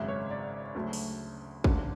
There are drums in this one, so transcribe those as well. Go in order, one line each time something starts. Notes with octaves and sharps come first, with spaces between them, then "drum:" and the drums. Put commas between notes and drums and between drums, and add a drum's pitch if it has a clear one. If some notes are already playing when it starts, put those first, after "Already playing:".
Already playing: G#1 F#2 C#3 G#3 E5
C#5
D5
D2 C#3 F#3 A3
drum: open hi-hat
G#1 F#2 D3, drum: kick